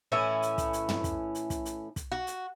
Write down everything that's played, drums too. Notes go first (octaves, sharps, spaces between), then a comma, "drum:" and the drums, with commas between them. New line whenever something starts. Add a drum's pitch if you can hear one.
A2 E3 C#4 E4
drum: hi-hat
drum: kick, hi-hat
drum: hi-hat
drum: tom
drum: kick, hi-hat
drum: hi-hat
drum: kick, hi-hat
drum: hi-hat
drum: kick, hi-hat
F#4
drum: hi-hat